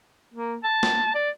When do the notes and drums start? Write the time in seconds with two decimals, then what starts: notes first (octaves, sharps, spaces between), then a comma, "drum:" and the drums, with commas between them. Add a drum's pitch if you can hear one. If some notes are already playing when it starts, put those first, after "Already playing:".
0.34 A#3
0.64 A5
0.83 drum: snare
1.15 D5